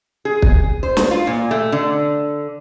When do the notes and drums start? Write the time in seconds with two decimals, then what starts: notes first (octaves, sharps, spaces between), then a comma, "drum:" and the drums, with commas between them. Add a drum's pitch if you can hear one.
0.25 G#4
0.42 drum: kick
0.83 C5
0.97 drum: snare
1.11 F4
1.27 A#2
1.51 A3
1.72 D3